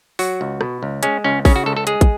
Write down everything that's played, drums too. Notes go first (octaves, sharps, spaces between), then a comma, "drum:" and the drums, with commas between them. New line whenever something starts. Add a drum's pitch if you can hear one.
F#3 F#4, drum: open hi-hat
C#2
B2, drum: rim click
C#2
G#3 C#4, drum: hi-hat
C#2 C#4
C#3 C#4, drum: kick, open hi-hat
F#4
C#2 A4
A4
G#3 G#4, drum: hi-hat
drum: kick, hi-hat